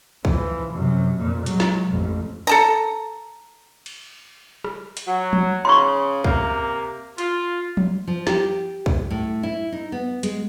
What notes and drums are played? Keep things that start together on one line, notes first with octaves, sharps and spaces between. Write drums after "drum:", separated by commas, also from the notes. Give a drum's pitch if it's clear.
E3 F3, drum: kick
F#2 C3
F2 A#2
F#3 G#3, drum: hi-hat
drum: snare
A1 F2
A4 A5 A#5
drum: cymbal
drum: rim click
drum: hi-hat
F#3
drum: tom F3
C#3 C6 C#6
C3 A#3, drum: kick
F4, drum: hi-hat
drum: tom F3
F3
G4, drum: snare
drum: kick
A2
E4
D#4
B3
G#3, drum: hi-hat